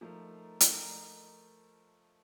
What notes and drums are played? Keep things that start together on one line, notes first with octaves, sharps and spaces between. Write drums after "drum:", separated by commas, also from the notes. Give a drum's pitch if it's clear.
F3 A3 D#4 A#4 F5
D#4 A#4 F5, drum: hi-hat